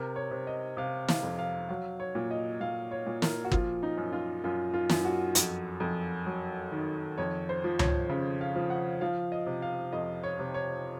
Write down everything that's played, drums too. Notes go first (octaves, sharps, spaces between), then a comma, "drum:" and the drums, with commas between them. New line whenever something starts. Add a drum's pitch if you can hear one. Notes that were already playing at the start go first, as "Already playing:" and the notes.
Already playing: C3 A#4
C#5
C3
D#5
C3 F5
F5, drum: snare
F2
F5
F#3 F5
C#5
A#2
D#5
A#2 F5
C#5
A#2
A#4, drum: snare
F#4
F3 F4, drum: kick
D#4
F#2
F4
F#2 F4
F4
F#2, drum: snare
F#4
F2, drum: hi-hat
F2
F#3
D#3
F2 C#5
C5
F3
C#5, drum: tom C#2
C#3
F5
F3
F#5
F3 F5
D#5
C3
F5
F2 D#5
C#5
C3
C#5